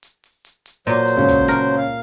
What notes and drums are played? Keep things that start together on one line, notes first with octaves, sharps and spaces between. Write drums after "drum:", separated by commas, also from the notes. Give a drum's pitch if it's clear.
drum: hi-hat
drum: open hi-hat
drum: hi-hat
drum: hi-hat
A#2 F#3 C5
drum: hi-hat
C#2 C#4
drum: kick, hi-hat
A#4, drum: hi-hat
F5